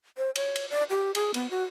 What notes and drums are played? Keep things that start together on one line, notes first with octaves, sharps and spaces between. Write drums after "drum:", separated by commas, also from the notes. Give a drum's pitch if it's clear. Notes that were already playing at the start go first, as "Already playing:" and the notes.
C5
C#5, drum: cymbal
drum: cymbal
D5
G4
G#4, drum: cymbal
B3, drum: cymbal
F#4